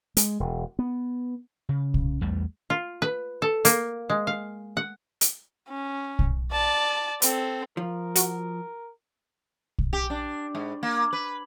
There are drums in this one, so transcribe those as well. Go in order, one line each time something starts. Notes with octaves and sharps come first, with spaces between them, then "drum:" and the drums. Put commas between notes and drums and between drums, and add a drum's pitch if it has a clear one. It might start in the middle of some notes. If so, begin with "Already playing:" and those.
G#3, drum: hi-hat
E1
B3
C#3
drum: kick
E2 G3 A3
F4
B4
A4
A#3, drum: hi-hat
G#3
F5
F#5
drum: hi-hat
C#4
drum: kick
D5 A5
C4 A4, drum: hi-hat
F3 A#4
F#4, drum: hi-hat
drum: kick
G4
D4
G#2
A#3
B4